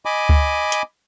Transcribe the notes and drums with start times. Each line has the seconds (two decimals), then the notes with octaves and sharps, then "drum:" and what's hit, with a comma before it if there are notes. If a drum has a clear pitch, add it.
0.05 D#5 G#5 B5 D6
0.29 drum: kick D2
0.72 drum: hi-hat